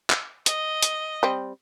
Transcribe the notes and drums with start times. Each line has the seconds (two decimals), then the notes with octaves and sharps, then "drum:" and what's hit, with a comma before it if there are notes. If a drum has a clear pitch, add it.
0.10 drum: clap
0.46 D#5, drum: hi-hat
0.82 drum: hi-hat
1.23 G3 C4